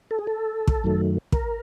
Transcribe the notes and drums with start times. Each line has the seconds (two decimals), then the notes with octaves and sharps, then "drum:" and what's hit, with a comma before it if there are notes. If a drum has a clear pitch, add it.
0.11 A4
0.19 G#4
0.27 A4
0.68 drum: kick
0.84 F#2 D#3 F#3 A3
1.32 A#4, drum: kick